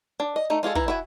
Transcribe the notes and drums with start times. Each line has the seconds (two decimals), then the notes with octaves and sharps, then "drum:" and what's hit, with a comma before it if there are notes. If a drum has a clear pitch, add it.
0.20 D4
0.36 D#5
0.50 A3 D#4
0.63 G#3 F4 G#4 A4
0.75 E3 E4 A#5, drum: kick
0.88 E4 F#4 E5 G#5